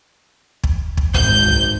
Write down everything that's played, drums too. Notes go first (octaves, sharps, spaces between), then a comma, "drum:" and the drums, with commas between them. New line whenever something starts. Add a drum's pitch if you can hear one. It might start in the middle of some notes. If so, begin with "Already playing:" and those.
drum: kick
drum: kick
G#1 G6, drum: kick
drum: tom